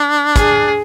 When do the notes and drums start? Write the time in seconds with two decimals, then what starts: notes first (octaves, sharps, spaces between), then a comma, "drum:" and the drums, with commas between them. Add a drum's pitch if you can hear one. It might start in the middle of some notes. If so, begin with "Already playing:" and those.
Already playing: D4
0.36 G#4, drum: kick, hi-hat